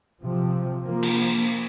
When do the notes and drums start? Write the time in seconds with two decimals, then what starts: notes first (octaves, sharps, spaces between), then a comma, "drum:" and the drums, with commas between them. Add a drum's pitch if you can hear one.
0.23 C3 F3
0.84 F3 A#3
1.03 drum: cymbal